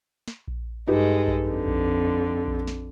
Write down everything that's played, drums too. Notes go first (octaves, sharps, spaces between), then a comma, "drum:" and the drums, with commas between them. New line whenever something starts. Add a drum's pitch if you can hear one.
drum: snare
drum: kick A#1
G2 G#3 D#4 G4 A4 B4
drum: kick A#1
F2 D3
drum: kick A#1
drum: kick A#1
drum: snare